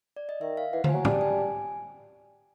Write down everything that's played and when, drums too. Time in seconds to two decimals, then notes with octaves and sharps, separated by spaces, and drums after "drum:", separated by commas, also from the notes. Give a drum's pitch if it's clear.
0.16 D5
0.29 D#5
0.41 D#3 E5
0.57 F5
0.73 E3 F#5
0.84 F3, drum: tom
0.89 F#3 G#5
1.05 G3 A5, drum: tom
1.21 G#5